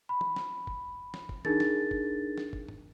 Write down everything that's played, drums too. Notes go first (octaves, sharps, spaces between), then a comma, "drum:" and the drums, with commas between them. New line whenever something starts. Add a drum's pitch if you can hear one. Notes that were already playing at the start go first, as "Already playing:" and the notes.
B5
drum: tom
drum: snare
drum: kick F#1
drum: snare
drum: kick F#1
D4 D#4 G#4 A#4 A6, drum: tom
drum: snare
drum: kick F#1
drum: snare
drum: kick F#1
drum: tom G#2